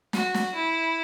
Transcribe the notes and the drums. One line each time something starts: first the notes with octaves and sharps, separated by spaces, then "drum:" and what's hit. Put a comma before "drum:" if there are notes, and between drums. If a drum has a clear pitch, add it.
F#4, drum: snare
drum: snare
E4